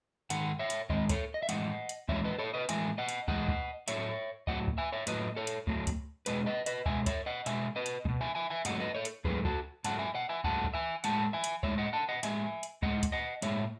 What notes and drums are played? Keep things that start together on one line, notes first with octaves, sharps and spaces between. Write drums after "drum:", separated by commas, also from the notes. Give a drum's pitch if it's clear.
G#2 D#3 F#5, drum: hi-hat
C#5 E5
drum: hi-hat
G#2 D#3 G#3 D#5, drum: kick
A4 C#5, drum: kick, hi-hat
D#5
E5
A2 E3 G#3 D#5 F#5, drum: hi-hat
drum: hi-hat
A2 E3 G#3 C#5 E5, drum: kick
B4 D#5
A4 C#5
B4 D#5
A2 E3 G#3 E5 G#5, drum: hi-hat
D#5 F#5
drum: hi-hat
A2 E3 G#3 D#5 F#5, drum: kick
drum: kick
A2 F#3 A3 C#5 E5, drum: hi-hat
A2 F#3 A3 D#5 F#5, drum: kick
drum: kick
E5 G#5
C#5 E5
A2 F#3 A3 B4 D#5, drum: hi-hat
A4 C#5
drum: hi-hat
A2 F#3 A3, drum: kick
drum: kick, hi-hat
B2 G#3 B4 D#5, drum: hi-hat
B4 D#5
B4 D#5, drum: hi-hat
B2 G#3 E5 G#5, drum: kick
C#5 E5, drum: kick, hi-hat
D#5 F#5
B2 G#3 E5 G#5, drum: hi-hat
B4 D#5
drum: hi-hat
G#3, drum: kick
B2
E5 G#5
E5 G#5
E5 G#5
G#2 F#3 A3 D#5 F#5, drum: hi-hat
B4 D#5
A4 C#5
drum: hi-hat
G#2 F#3 A3 G#4 B4, drum: kick
F#4 A4, drum: kick
G#2 F#3 A3 F#5 A5, drum: hi-hat
E5 G#5
D#5 F#5
E5 G#5
G#2 F#3 A3 F#5 A5, drum: kick
drum: kick
E5 G#5
A2 G#3 F#5 A5, drum: hi-hat
E5 G#5
drum: hi-hat
A2 G#3 C#5 E5, drum: kick
D#5 F#5
F#5 A5
D#5 F#5
A2 G#3 E5 G#5, drum: hi-hat
drum: hi-hat
A2 G#3 D#5 F#5, drum: kick
drum: kick, hi-hat
D#5 F#5
A2 G#3 C#5 E5, drum: hi-hat